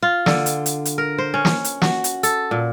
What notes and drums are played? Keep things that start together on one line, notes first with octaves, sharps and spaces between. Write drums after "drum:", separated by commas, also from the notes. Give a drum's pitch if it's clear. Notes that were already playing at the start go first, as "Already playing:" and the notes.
F4
D3, drum: snare
drum: hi-hat
drum: hi-hat
drum: hi-hat
A#4
C5
C#4
drum: snare
drum: hi-hat
F#4, drum: snare
drum: hi-hat
A4, drum: hi-hat
A#2